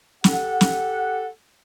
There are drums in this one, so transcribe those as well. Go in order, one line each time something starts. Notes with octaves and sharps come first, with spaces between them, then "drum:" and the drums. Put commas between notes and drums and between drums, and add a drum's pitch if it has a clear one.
G4 A4 F#5, drum: snare
drum: snare